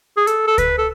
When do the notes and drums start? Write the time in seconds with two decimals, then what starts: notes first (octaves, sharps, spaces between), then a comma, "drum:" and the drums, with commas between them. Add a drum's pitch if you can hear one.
0.17 G#4
0.27 A4, drum: hi-hat
0.47 A4
0.58 B4, drum: kick C#2, hi-hat
0.78 A4